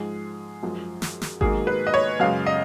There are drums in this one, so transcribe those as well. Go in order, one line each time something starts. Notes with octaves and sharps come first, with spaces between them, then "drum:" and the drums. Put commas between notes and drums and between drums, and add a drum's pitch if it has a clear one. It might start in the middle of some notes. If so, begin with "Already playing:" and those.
Already playing: G#2 F3 G#3 G#4
F#2 F3 G#3
drum: snare
drum: snare
G#2 D#3 F#3 A#3 G#4, drum: kick G#1
B4
D#5
C#5
F#2 C#3 G#3 F5
D#5